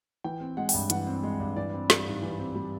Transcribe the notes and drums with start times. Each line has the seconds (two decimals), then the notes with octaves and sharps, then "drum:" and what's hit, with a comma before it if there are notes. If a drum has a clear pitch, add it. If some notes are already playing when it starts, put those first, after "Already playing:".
0.24 E3 G5
0.41 C4
0.57 G#3 F#5
0.69 G5, drum: open hi-hat
0.74 G2
0.90 E3 F#5, drum: hi-hat
1.07 C4
1.23 G#3
1.40 G2
1.56 E3 D5
1.74 C4
1.90 G3, drum: snare
2.07 G#2
2.23 E3
2.39 C4
2.55 G3